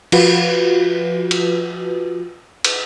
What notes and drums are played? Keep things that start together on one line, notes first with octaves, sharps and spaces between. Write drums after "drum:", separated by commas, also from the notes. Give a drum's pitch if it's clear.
F3 F4 F#4 B4, drum: cymbal
drum: cymbal
drum: cymbal